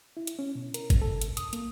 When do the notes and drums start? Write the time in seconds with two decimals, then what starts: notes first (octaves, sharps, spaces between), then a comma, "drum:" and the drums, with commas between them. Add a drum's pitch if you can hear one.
0.17 E4
0.27 drum: hi-hat
0.39 C#4
0.55 B2
0.74 A#4, drum: hi-hat
0.90 drum: kick, hi-hat
1.02 A4
1.21 drum: hi-hat
1.37 D#6, drum: hi-hat
1.53 A#3, drum: hi-hat